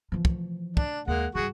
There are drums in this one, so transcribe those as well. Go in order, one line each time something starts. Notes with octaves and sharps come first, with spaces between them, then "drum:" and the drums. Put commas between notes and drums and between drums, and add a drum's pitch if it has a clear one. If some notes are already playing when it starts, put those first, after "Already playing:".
E3 F3
drum: kick
D4, drum: kick
D#2 G#3 A#3 F#5
G2 D#3 F#4 G#4